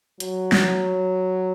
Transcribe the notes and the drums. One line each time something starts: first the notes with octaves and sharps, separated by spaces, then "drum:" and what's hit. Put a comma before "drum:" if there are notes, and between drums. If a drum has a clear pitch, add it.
F#3, drum: hi-hat
drum: snare